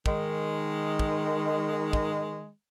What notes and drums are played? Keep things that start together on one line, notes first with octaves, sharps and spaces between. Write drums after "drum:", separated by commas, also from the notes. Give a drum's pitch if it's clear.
D#3 G#3, drum: kick
drum: kick
drum: kick